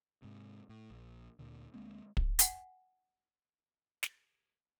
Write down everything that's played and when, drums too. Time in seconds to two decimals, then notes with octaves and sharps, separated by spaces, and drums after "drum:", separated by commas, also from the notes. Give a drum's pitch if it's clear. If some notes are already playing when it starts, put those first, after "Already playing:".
0.22 G#2 C3
0.69 A2
0.91 A#1
1.39 D2 A#2 D3
1.74 D2 G#3 A#3 C4
2.17 drum: kick
2.39 F#5 G#5 B6, drum: hi-hat
4.03 drum: snare